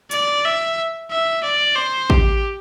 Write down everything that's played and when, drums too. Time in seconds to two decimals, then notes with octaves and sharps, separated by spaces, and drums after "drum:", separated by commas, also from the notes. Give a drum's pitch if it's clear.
0.11 D5, drum: hi-hat
0.45 E5
1.11 E5
1.44 D5
1.76 C5
2.10 G4, drum: kick